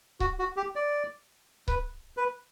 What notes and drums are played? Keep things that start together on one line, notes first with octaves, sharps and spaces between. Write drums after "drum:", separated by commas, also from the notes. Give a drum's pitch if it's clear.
F#4, drum: kick C#1
F#4
G4
D5
B4, drum: kick C#1
B4